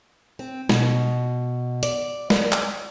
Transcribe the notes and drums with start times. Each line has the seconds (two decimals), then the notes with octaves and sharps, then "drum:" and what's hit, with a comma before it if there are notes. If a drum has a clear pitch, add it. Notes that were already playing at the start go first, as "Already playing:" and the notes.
0.39 C4
0.69 B2, drum: snare
1.83 D5, drum: hi-hat
2.30 D5, drum: snare
2.53 drum: clap